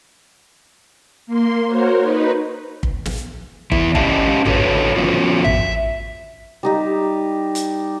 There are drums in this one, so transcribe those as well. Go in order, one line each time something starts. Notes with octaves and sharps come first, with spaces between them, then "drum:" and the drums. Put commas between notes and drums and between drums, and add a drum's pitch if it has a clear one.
A#3 C6
F#4 A#4 C5 C#5
D#4 B4
drum: kick
drum: snare
E2 E4, drum: kick
C#4 G4 C5 D#5 F5 A5, drum: kick
D3 F#4 A4 B4 C#5, drum: tom A1
F3 A3 B3 C#4 F4 F#4
E5, drum: tom A1
G3 D#4 G4
drum: hi-hat